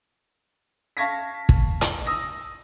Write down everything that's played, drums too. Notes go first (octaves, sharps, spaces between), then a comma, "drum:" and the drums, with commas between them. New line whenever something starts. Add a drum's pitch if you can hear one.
F5 A5 C#6 G#6 A#6 B6
drum: kick
drum: hi-hat
D#6 E6 A#6